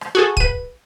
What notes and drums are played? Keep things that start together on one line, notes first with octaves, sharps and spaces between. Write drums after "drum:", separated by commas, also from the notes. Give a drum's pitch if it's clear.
drum: rim click
F#4 G#4 A4
B4 D#7, drum: kick